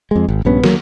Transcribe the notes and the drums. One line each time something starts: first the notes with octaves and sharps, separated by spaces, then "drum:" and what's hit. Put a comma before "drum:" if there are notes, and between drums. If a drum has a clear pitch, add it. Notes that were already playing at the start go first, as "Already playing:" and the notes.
F2 G#3
G#1
A#1 G2 B3 C#4
D2 F#3 A#3, drum: snare